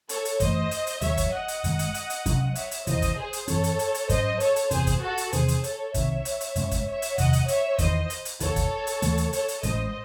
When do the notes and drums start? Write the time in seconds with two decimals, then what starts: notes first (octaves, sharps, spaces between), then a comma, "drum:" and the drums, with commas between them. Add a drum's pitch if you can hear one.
0.09 A4 C#5, drum: hi-hat
0.25 drum: hi-hat
0.40 F#2 E3 A3 C5 D#5, drum: kick, hi-hat
0.71 drum: hi-hat
0.87 drum: hi-hat
1.01 D#2 D#3 F#3 C#5 E5, drum: hi-hat
1.17 drum: kick, hi-hat
1.32 D#5 F#5
1.48 drum: hi-hat
1.64 F#1 F#2 D#3 G#3, drum: hi-hat
1.79 drum: hi-hat
1.94 drum: hi-hat
2.10 drum: hi-hat
2.26 C#2 C3 F#3 C#4, drum: kick, hi-hat
2.55 C#5 E5, drum: hi-hat
2.71 drum: hi-hat
2.87 E1 D#2 C#3 E3 C5 D#5, drum: hi-hat
3.02 drum: kick, hi-hat
3.18 G#4 C5
3.33 drum: hi-hat
3.48 F#2 E3 C4 A4 C#5, drum: hi-hat
3.64 drum: hi-hat
3.79 drum: hi-hat
3.94 drum: hi-hat
4.09 G#2 F#3 C#4 C5 D#5, drum: kick, hi-hat
4.40 A4 C#5, drum: hi-hat
4.56 drum: hi-hat
4.71 F#1 E2 C3 G#4 C5, drum: hi-hat
4.87 drum: kick, hi-hat
5.02 F#4 A4
5.18 drum: hi-hat
5.33 E2 C3 D#3 G#4 C5, drum: hi-hat
5.48 drum: hi-hat
5.64 A4 C#5, drum: hi-hat
5.94 C2 C3 D#3 C#5 E5, drum: kick, hi-hat
6.25 drum: hi-hat
6.41 drum: hi-hat
6.56 F#2 C#3 G#3 C#4, drum: hi-hat
6.71 drum: kick, hi-hat
6.86 C#5 E5
7.02 drum: hi-hat
7.18 F#1 E2 C3 D#3 D#5 F#5, drum: hi-hat
7.33 drum: hi-hat
7.48 C#5 E5, drum: hi-hat
7.78 E2 C3 D#3 C5 D#5, drum: kick, hi-hat
8.10 drum: hi-hat
8.25 drum: hi-hat
8.40 E1 D#2 D#3 A4 C#5, drum: hi-hat
8.56 drum: kick, hi-hat
8.87 drum: hi-hat
9.02 D#2 C#3 E3 A3, drum: hi-hat
9.18 drum: hi-hat
9.33 A4 C#5, drum: hi-hat
9.48 drum: hi-hat
9.63 A1 A2 G#3 C#4 C5 D#5, drum: kick, hi-hat